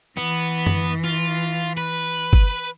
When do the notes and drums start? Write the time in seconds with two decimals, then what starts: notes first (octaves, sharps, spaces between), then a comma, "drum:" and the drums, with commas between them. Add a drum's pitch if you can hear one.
0.18 E3 B3
0.67 drum: tom F#2
1.04 F4
1.77 B4
2.33 drum: kick